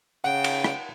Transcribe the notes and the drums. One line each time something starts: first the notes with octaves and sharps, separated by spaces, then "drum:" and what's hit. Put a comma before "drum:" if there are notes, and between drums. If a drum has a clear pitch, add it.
C#3 F#5 G5
drum: cymbal
drum: rim click